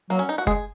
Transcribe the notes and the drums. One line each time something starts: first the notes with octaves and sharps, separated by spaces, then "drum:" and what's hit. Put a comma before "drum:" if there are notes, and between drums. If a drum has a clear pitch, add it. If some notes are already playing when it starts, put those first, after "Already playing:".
F#3 A#3
C#4
D#4
F#4
G#3 G#4, drum: kick F#1